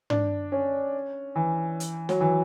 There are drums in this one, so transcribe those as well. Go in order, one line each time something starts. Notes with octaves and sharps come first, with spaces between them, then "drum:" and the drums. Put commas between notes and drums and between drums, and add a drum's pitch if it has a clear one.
D4, drum: tom
C#4
E3
drum: hi-hat
F#3, drum: snare
E3